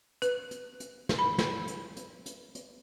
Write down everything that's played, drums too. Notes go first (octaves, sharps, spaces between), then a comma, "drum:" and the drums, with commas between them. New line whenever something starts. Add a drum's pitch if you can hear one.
B4, drum: hi-hat
drum: hi-hat
drum: hi-hat
drum: snare
B5
drum: snare
drum: hi-hat
drum: hi-hat
drum: hi-hat
drum: hi-hat